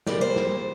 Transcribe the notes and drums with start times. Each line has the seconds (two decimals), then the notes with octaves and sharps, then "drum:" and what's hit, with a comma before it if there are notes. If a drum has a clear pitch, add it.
0.07 D2 C3 G3 A#3 D5, drum: snare
0.21 C5
0.36 drum: snare